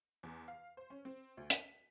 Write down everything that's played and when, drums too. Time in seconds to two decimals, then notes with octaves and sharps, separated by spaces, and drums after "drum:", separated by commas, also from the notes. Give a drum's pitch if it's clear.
0.23 E2
0.48 F5
0.77 C5
0.90 C#4
1.05 C4
1.37 D2
1.50 B6, drum: hi-hat